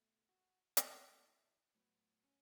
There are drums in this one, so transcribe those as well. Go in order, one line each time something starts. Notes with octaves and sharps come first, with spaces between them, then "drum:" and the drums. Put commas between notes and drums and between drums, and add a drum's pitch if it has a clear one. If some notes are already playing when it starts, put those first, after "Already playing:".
Already playing: B2 A3
F#4
B2 A3, drum: hi-hat
B4
A4
F#4
E4
A2 F#3 B3
C#4